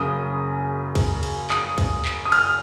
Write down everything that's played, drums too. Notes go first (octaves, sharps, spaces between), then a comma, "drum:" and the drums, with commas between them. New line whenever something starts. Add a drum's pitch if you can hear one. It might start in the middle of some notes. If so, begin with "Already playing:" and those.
Already playing: F#1 F#2 C#3 D#6
drum: kick, cymbal
drum: cymbal
D#6, drum: clap
drum: kick, cymbal
drum: clap
D#6
F6, drum: cymbal